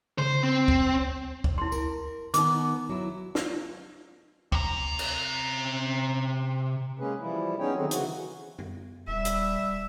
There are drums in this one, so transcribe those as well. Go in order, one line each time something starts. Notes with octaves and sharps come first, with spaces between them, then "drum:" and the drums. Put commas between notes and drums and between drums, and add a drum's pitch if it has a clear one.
C5, drum: tom C#3
C4
drum: kick
drum: kick
E4 C6
A#4, drum: tambourine
D#3 B3 D#4 D6, drum: hi-hat
F#3 E4
drum: snare
C3 A#5, drum: kick
drum: cymbal
G#3 A#3 C#4 G#4 B4
E3 F3 G3 E4
B3 C#4 D#4 G#4 C#5 G5
D3 D#3 F#3 C4 F#4 G#4
C#3 E3 F#4, drum: hi-hat
drum: tom
D#1 G3 E5
drum: hi-hat